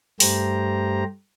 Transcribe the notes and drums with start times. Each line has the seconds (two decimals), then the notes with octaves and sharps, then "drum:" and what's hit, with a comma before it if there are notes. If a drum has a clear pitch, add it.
0.20 G2 A3 G4 C5 A#5, drum: open hi-hat